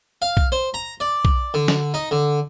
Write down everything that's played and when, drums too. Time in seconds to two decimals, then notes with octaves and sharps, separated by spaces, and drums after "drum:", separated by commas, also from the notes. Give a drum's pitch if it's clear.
0.22 F5
0.37 drum: kick B1
0.52 C5
0.74 A#5
1.00 D5
1.25 drum: kick B1
1.54 D3
1.68 drum: snare
1.94 D#4
2.11 D3